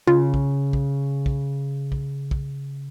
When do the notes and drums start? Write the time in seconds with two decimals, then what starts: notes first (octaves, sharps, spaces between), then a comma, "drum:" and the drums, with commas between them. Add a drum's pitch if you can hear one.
0.07 C#3 F4
0.34 drum: kick
0.73 drum: kick
1.26 drum: kick
1.92 drum: kick
2.31 drum: kick